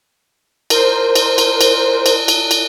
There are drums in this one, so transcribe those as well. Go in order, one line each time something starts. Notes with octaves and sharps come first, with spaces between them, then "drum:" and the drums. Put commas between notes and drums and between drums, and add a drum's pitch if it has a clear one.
A#4 C5, drum: cymbal
drum: cymbal
drum: cymbal
drum: cymbal
drum: cymbal
drum: cymbal
drum: cymbal